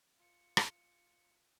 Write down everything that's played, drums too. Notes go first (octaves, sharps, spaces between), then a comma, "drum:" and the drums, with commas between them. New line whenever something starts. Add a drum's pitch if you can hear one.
F4 C#7
drum: rim click